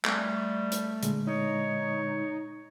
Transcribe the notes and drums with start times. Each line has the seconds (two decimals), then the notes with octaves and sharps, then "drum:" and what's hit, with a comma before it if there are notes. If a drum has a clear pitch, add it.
0.05 G3 A3, drum: clap
0.72 drum: hi-hat
1.02 A#2 D3 G#3, drum: hi-hat
1.27 D#4 C#5